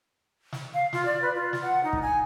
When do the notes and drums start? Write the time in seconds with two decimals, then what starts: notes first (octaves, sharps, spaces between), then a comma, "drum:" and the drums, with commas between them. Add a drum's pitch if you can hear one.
0.53 drum: snare
0.74 F5
0.93 F4, drum: snare
1.05 D5
1.22 B4
1.35 F4
1.53 drum: snare
1.62 F#5
1.83 D#4
1.93 drum: kick
2.02 G#5